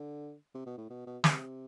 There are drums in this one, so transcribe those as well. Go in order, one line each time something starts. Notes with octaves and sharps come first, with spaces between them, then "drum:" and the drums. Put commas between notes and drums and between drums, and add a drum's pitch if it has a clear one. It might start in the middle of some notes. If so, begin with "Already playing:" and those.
Already playing: D3
C3
B2
A2
B2
B2
C3, drum: snare